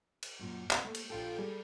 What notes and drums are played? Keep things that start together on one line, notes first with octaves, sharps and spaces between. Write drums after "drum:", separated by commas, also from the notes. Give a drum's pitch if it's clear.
drum: cymbal
F#2 A#2 F#3
D2 C3, drum: clap
A3 A#3
drum: cymbal
A#1 F4 A4 G5
G3 G#4 A#4